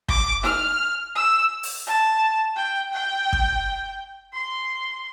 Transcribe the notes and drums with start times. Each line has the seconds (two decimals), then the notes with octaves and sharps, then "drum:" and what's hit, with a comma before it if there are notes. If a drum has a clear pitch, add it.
0.09 D6, drum: kick
0.44 F6, drum: snare D#4
1.15 E6
1.63 drum: open hi-hat
1.87 A5
2.56 G5
2.93 G5
3.33 drum: kick
4.34 C6